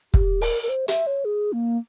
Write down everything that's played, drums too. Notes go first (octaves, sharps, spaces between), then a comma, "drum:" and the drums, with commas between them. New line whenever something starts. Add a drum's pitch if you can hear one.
G4, drum: kick
A#4, drum: open hi-hat
A#4
C5
E5, drum: hi-hat
C#5
G#4
A#3